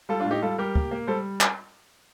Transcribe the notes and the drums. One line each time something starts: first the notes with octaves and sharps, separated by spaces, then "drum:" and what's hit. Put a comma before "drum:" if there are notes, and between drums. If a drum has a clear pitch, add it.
G3 F4 A4
D4 F4
A2
D#4 G4
G3 F4 A4
G3 G4 A#4
A#3, drum: kick
A#3
G3 A4 C5
drum: clap